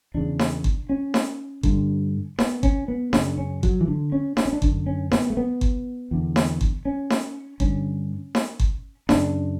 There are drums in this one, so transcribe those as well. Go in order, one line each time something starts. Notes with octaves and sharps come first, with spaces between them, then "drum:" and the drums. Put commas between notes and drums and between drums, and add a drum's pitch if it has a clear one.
E2 C#3 D4
drum: snare D#4
drum: kick G1
C#4
drum: snare D#4
G2 D3, drum: kick G1
B3, drum: snare D#4
C#4, drum: kick G1
B3
F#2 C#3 D4, drum: snare D#4
C#4
F#3, drum: kick G1
E3
D3
C#4
D4, drum: snare D#4
C#4
D4
F#2 D3, drum: kick G1
C#4
B3, drum: snare D#4
A3
B3
drum: kick G1
E2 D3
drum: snare D#4
drum: kick G1
C#4
drum: snare D#4
G2 D3 C#4, drum: kick G1
drum: snare D#4
drum: kick G1
F#2 C#3 D4, drum: snare D#4